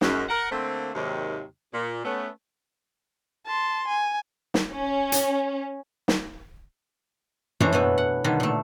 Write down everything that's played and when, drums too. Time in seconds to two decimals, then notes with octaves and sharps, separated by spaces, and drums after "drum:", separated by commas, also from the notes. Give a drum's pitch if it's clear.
0.01 F#2 G#3, drum: snare
0.29 A#4 F#5
0.50 D3 A3 A#3 C4
0.94 D#2 G#2 C3 D#3 F#3 A#3
1.73 A#2
2.04 A3 B3 C#4
3.46 A5 C6
3.88 G#5
4.54 drum: snare
4.72 C#4
5.12 drum: hi-hat
6.08 drum: snare
7.60 E3 A3 D4 C5 C#5 A#5, drum: tom F#2
7.73 B2 E3 B3 E4
7.98 F#5
8.24 B2 D3 D#3 G3
8.40 A#2 A3